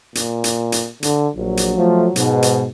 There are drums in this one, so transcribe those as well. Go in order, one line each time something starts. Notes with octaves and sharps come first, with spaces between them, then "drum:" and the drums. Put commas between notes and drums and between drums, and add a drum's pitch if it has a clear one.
A#2, drum: hi-hat
drum: hi-hat
drum: hi-hat
D3, drum: hi-hat
A#1 F#3
drum: hi-hat
F3 A3
G#2 B2, drum: hi-hat
drum: hi-hat